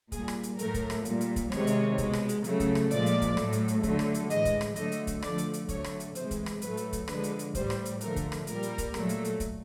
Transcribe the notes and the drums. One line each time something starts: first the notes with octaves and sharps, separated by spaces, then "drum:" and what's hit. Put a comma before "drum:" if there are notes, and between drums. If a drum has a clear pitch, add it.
A#2 G3 G#4, drum: kick, hi-hat
drum: rim click
drum: hi-hat
A2 F#3 A3 A#4, drum: hi-hat
drum: kick, hi-hat
drum: rim click
A#2 G3, drum: hi-hat
drum: hi-hat
drum: kick, hi-hat
C3 D#3 G#3 C#5, drum: rim click
drum: hi-hat
B2 G#3, drum: kick, hi-hat
drum: rim click
drum: hi-hat
C#3 F#3 A3, drum: hi-hat
drum: kick, hi-hat
drum: rim click
A#2 F3 G#3 D5, drum: hi-hat
drum: hi-hat
drum: kick, hi-hat
A2 F#3 A3, drum: rim click
drum: hi-hat
drum: hi-hat
D3 F#3 A3, drum: kick, hi-hat
drum: rim click
drum: hi-hat
A2 E3 G#3 D#5, drum: hi-hat
drum: kick, hi-hat
drum: rim click
D3 F#3 A3 D#5, drum: hi-hat
drum: hi-hat
drum: kick, hi-hat
D3 F3 A3 D5, drum: rim click
drum: hi-hat
drum: hi-hat
D3 F#3 A3 C#5, drum: kick, hi-hat
drum: rim click
drum: hi-hat
C3 E3 G#3 C5, drum: hi-hat
drum: kick, hi-hat
drum: rim click
A2 F#3 A3 B4, drum: hi-hat
drum: hi-hat
drum: kick, hi-hat
D3 F3 G#3 B4, drum: rim click
drum: hi-hat
drum: hi-hat
A2 E3 G3 C5, drum: kick, hi-hat
drum: rim click
drum: hi-hat
D3 F3 A3 A#4, drum: hi-hat
drum: kick, hi-hat
drum: rim click
A#2 G3 A#4, drum: hi-hat
drum: hi-hat
drum: kick, hi-hat
A#2 F#3 A3, drum: rim click
drum: hi-hat
drum: hi-hat
drum: kick, hi-hat